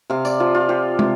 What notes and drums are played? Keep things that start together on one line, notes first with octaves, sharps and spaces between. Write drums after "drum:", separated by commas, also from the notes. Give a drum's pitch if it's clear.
C3 F5
D5, drum: tambourine
F3 F4
F4
F3 G4
C3, drum: tom